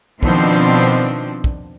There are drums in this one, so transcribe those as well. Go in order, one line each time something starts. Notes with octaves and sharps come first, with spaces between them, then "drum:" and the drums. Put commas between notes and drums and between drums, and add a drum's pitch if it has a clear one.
B2 D#3 F3 C4 D4, drum: kick
drum: kick